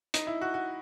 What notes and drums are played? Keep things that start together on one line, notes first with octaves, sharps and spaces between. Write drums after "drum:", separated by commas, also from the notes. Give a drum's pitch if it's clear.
D#4, drum: hi-hat
E4
F#4
F#4